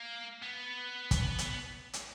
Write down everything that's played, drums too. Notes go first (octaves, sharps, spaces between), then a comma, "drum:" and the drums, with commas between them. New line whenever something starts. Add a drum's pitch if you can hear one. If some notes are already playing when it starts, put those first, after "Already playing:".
Already playing: A#3
B3
drum: kick, hi-hat
drum: hi-hat
drum: hi-hat